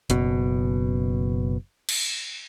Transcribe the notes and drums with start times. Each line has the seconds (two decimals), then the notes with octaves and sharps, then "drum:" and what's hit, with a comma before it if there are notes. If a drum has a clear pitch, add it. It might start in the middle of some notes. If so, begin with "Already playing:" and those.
0.10 F#1 B2, drum: hi-hat
1.89 drum: cymbal